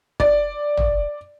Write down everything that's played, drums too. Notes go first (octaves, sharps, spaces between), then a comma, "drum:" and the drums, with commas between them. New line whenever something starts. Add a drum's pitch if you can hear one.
D5, drum: kick
drum: tom